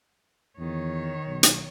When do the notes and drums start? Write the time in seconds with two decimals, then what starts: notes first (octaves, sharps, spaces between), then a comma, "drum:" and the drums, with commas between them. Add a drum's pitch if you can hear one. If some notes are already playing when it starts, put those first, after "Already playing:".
0.59 E2 D#3 C#5
1.27 B1
1.43 drum: hi-hat